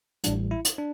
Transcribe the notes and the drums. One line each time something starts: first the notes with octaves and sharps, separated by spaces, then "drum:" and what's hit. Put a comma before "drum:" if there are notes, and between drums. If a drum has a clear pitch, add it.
A1 A2 E3 G3 D4, drum: hi-hat
E4
drum: hi-hat
D4